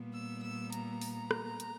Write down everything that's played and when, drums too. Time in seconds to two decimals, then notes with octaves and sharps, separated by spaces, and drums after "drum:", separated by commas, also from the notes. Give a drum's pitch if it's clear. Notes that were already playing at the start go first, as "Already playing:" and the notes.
Already playing: A#2 G3 B3
0.14 E6
0.43 E6
0.73 A#5, drum: hi-hat
1.01 drum: open hi-hat
1.31 drum: rim click
1.60 drum: hi-hat